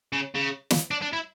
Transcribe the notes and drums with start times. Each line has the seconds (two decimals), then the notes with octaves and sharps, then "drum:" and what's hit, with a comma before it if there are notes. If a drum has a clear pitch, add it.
0.12 C#3
0.35 C#3
0.70 drum: snare
0.91 D4
1.02 D4
1.13 E4